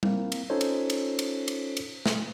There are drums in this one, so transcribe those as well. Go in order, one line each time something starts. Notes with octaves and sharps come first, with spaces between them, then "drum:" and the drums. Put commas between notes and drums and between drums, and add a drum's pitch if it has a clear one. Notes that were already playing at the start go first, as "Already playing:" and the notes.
A#3 C4 E4, drum: tom G3
drum: cymbal
C#4 D#4 F4 A4 C5 C#5
drum: cymbal
drum: cymbal
drum: cymbal
drum: cymbal
drum: cymbal
drum: snare